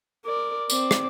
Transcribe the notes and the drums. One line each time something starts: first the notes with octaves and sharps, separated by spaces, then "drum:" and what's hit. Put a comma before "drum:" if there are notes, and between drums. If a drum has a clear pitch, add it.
A#4 D5
C4 D5, drum: tambourine
drum: rim click